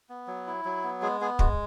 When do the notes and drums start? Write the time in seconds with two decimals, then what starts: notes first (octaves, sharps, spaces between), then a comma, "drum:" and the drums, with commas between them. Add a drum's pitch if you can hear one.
0.09 B3
0.27 F#3
0.47 E4
0.65 F#3
0.84 B3
1.02 G#3 G#4
1.21 B3 G#4
1.39 G#3 F#4, drum: kick